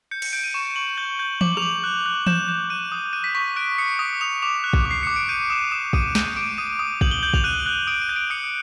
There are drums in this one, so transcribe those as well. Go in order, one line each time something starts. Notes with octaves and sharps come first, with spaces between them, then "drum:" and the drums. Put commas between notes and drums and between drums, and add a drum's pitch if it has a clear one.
G6 C#7
C#7, drum: cymbal
G6 D7
D#7
C#6 E7
C#6 F#7
G6 G7
G6
D6 F#7, drum: tom E3
F7, drum: rim click
D6 F#7
F#6
F#6
G6 E7, drum: tom E3
G6 E7
F#6 D#7
D#6
F#6 D#7
B6
C#6 B6
F#6 D7
D#6 C#7
D#6 B6
D#6 F7
D6 F7
F#6
drum: kick
D6
C7
D6 C#7
D7
G6 D#7
D#6 E7
D#6 E7
D#6 D#7, drum: kick
G6 D#7, drum: snare
D6 D7
D#6 D#7
D#6
G6 F#7, drum: kick
G7
G6 F#7
F7, drum: kick
F#6 D#7
F#6
D#6 D7
D#7
G6
D7
D#6 C#7